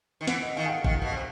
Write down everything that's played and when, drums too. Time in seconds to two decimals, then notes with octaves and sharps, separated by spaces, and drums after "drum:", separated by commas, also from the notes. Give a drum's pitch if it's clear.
0.21 D#3
0.27 E3 F#5, drum: snare
0.43 D#5
0.56 D#3 F5
0.66 G5
0.70 F#5
0.84 D#3 F#5, drum: kick A1
1.02 B2
1.12 C3